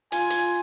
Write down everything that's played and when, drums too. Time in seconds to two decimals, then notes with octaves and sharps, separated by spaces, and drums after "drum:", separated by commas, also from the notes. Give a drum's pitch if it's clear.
0.12 F4 G#5, drum: hi-hat
0.30 drum: hi-hat